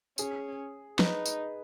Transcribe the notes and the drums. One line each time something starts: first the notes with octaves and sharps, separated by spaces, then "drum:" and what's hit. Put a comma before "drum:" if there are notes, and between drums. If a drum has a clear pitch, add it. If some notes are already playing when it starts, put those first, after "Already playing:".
C#4 G#4, drum: tambourine
D#4 B4, drum: snare
drum: tambourine